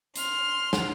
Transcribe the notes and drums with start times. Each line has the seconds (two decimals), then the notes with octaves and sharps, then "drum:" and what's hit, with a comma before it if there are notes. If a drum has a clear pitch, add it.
0.15 C6 F6, drum: hi-hat
0.73 drum: snare